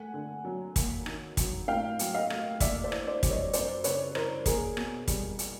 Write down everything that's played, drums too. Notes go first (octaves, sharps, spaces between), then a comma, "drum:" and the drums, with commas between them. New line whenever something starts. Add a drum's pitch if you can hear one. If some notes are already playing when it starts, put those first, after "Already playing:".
Already playing: A3 F#5 G#5
D3
F#3
A#3, drum: kick, hi-hat
D#3, drum: rim click
F#3, drum: kick, hi-hat
A2 F5 G5
F#3, drum: hi-hat
D#5 F5
A3, drum: rim click
A#3 D5 E5, drum: kick, hi-hat
C5 D5
E3, drum: rim click
C5 D5
G3, drum: kick, hi-hat
C#5 D#5
F#2 C5 D5, drum: hi-hat
C#3 B4 C#5, drum: hi-hat
E3 A#4 C5, drum: rim click
A#3 G#4 A#4, drum: kick, hi-hat
B2, drum: rim click
G3, drum: kick, hi-hat
drum: hi-hat